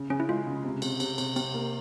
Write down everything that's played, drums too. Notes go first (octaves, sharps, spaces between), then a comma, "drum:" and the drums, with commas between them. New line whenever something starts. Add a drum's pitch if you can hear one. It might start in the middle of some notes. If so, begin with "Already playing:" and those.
Already playing: C#3
C#3 C#4
E4
G#3 F4
C#3
C3
C3, drum: cymbal
C3, drum: cymbal
C3, drum: cymbal
C3 C4, drum: cymbal
A#3